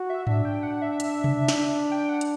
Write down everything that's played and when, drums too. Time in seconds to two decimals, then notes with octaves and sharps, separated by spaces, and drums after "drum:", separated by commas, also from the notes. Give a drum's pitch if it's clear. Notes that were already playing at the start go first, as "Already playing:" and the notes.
Already playing: F#4
0.09 E5
0.27 D4 E5, drum: tom G#2
0.45 G5
0.63 F#5
0.82 E5
1.00 drum: hi-hat
1.24 drum: tom C3
1.48 drum: snare
1.91 G5
2.09 F#5
2.21 drum: hi-hat